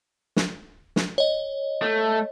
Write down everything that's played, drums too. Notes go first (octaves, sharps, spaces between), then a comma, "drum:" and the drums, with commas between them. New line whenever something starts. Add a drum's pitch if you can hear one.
drum: snare
drum: snare
C#5 D#5
A3